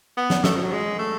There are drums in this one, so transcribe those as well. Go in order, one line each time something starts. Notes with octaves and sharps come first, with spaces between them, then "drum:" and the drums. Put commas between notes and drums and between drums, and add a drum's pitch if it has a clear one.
B3
drum: snare
A3, drum: snare
F3
F#3
G#3
A3